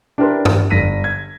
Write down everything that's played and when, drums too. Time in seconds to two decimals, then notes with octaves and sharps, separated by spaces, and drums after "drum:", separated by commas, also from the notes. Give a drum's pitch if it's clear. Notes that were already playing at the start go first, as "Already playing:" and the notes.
0.18 D4 E4 G4 A#4 B4 C6
0.45 drum: tom G2
0.70 G1 A#6 B6 D#7
1.04 G#6